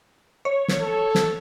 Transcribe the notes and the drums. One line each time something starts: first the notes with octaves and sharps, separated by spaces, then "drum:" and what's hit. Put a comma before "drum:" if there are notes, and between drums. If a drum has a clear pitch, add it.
C#5
drum: snare
A4
drum: snare